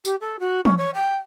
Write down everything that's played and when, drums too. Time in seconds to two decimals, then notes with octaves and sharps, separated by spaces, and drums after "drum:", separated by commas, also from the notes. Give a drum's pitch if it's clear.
0.05 G4, drum: tambourine
0.21 A4
0.40 F#4
0.65 C#4, drum: tom
0.78 C#5
0.94 G5